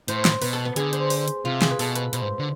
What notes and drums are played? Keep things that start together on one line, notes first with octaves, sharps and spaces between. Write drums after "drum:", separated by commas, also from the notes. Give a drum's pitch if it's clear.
A2 C5, drum: hi-hat
drum: snare
B2 B4, drum: open hi-hat
A4
B3
D3 G#4, drum: hi-hat
C5, drum: hi-hat
C5, drum: open hi-hat
drum: hi-hat
C3 F4
G#4, drum: snare
B4
B2 A4, drum: open hi-hat
B4, drum: hi-hat
B2 C5, drum: hi-hat
G#2
D3